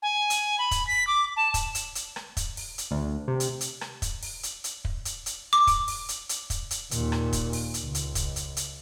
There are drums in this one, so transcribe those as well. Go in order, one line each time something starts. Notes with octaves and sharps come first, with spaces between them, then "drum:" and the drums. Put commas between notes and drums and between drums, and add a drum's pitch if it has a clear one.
G#5
drum: hi-hat
B5
drum: kick, hi-hat
B6
D6
A5
drum: kick, hi-hat
drum: hi-hat
drum: hi-hat
drum: rim click
drum: kick, hi-hat
drum: open hi-hat
drum: hi-hat
D2
C3
drum: hi-hat
drum: hi-hat
drum: rim click
drum: kick, hi-hat
drum: open hi-hat
drum: hi-hat
drum: hi-hat
drum: kick
drum: hi-hat
drum: hi-hat
D6
drum: kick, hi-hat
drum: open hi-hat
drum: hi-hat
drum: hi-hat
drum: kick, hi-hat
drum: hi-hat
D#2 A#2, drum: hi-hat
drum: rim click
drum: kick, hi-hat
drum: open hi-hat
drum: hi-hat
C#2
drum: hi-hat
drum: kick, hi-hat
drum: hi-hat
drum: hi-hat